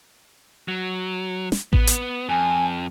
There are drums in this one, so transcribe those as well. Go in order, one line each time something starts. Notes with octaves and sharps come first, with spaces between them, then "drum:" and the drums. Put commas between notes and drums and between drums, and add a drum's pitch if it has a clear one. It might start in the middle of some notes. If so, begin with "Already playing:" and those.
F#3
drum: snare
B3, drum: kick A1
drum: hi-hat
F2 G#5